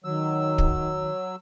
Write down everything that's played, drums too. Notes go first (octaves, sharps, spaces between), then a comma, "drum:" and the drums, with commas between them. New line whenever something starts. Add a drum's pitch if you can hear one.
D#3 F#3 E6
drum: kick